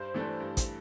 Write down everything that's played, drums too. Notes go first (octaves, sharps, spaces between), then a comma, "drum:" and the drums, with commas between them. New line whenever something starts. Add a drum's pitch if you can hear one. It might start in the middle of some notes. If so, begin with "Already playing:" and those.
Already playing: G2 C5
E3 A3 D4 A4
G2
drum: kick, hi-hat